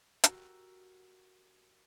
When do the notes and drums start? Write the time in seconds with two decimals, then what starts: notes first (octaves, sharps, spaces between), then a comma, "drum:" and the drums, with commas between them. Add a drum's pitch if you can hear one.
0.24 F#4 G4 A#4 E6, drum: hi-hat